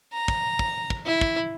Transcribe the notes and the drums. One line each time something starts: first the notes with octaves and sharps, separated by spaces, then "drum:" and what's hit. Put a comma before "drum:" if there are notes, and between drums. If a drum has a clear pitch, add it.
A#5
drum: kick
drum: kick
drum: kick
E4
drum: kick